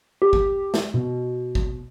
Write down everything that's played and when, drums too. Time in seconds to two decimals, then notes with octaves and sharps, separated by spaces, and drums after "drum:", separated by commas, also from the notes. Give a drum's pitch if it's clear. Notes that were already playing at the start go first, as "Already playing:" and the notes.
0.22 G4
0.33 drum: kick
0.74 drum: snare
0.94 B2
1.55 drum: kick